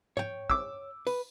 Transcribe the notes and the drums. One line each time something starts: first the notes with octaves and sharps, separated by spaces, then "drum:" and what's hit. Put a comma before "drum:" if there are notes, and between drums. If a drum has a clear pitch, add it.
C#5 G5, drum: tom G#2
D6 E6, drum: kick
B4, drum: open hi-hat